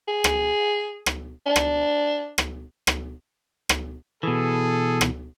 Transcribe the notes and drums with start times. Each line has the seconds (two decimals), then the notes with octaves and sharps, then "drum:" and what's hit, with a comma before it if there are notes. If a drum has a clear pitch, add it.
0.08 G#4
0.24 drum: rim click
1.06 drum: rim click
1.46 D4
1.56 drum: rim click
2.38 drum: rim click
2.87 drum: rim click
3.69 drum: rim click
4.23 B2 E3 G#4 A4
5.01 drum: rim click